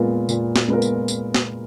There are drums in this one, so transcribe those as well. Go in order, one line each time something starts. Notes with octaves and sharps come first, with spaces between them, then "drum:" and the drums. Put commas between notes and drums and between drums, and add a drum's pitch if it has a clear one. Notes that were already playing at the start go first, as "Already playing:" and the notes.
Already playing: A#2 G#3 B3 F4 A#4
A#2, drum: tambourine
drum: snare
G#3 B3 F4 A#4
drum: tambourine
drum: tambourine
drum: snare